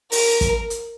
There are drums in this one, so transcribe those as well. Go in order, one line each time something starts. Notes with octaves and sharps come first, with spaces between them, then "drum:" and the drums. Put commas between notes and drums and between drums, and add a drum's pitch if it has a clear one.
A#4, drum: open hi-hat
drum: kick, hi-hat
drum: hi-hat